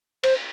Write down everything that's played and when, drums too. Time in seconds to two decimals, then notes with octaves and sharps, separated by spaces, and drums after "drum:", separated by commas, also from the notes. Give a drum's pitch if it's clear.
0.24 C5, drum: cymbal